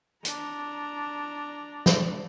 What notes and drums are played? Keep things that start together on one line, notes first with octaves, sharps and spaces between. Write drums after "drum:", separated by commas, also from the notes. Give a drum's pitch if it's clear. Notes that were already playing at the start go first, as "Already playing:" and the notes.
D4 A#5, drum: hi-hat
drum: snare